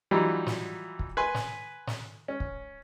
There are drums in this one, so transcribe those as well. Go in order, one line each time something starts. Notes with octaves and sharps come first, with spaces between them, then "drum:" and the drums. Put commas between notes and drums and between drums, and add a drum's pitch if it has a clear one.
E3 F#3 G3 D#4 F4
drum: snare
drum: kick
B4 G#5 C6
drum: snare
drum: snare
C#4
drum: kick